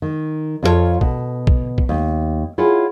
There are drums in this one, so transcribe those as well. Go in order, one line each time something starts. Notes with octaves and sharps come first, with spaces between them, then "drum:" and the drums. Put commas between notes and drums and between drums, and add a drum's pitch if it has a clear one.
D#3
F2 D4 F4 F#4 A4 C#5
B2, drum: kick
drum: kick
drum: kick
D#2
E4 F4 G#4 C#5 F#5